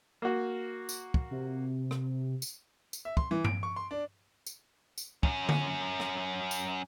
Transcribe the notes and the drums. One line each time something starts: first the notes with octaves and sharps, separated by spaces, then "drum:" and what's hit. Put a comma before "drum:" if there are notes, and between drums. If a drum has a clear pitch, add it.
A#3 F#4
drum: tambourine
drum: kick
C3
drum: rim click
drum: tambourine
drum: tambourine
E5
C6, drum: kick
E3
D7, drum: tom G2
C#6
C6
D4
drum: tambourine
drum: tambourine
F#2 C#4, drum: kick
drum: tom D3
drum: rim click
drum: tambourine